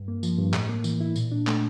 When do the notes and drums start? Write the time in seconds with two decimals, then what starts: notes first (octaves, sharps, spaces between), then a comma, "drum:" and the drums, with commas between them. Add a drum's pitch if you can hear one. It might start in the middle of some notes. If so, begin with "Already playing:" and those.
Already playing: G2
0.08 A#3
0.23 F3, drum: tambourine
0.39 G2
0.54 A2, drum: clap
0.69 A#3
0.84 E3, drum: tambourine
1.01 E4
1.16 A#2, drum: tambourine
1.32 D4
1.47 A3, drum: clap